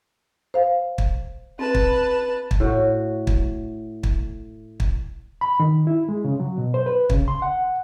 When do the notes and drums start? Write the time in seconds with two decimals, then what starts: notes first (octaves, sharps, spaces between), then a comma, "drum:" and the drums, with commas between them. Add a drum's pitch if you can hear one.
0.54 C5 F5
0.98 drum: kick
1.59 C4 B4 A5
1.75 drum: kick
2.51 drum: kick
2.60 A2 F#4
3.27 drum: kick
4.03 drum: kick
4.80 drum: kick
5.41 B5
5.60 D#3
5.87 E4
6.09 G#3
6.25 C#3
6.40 F#3
6.58 B2
6.74 C5
6.86 B4
7.10 C#3, drum: kick
7.28 C6
7.42 F#5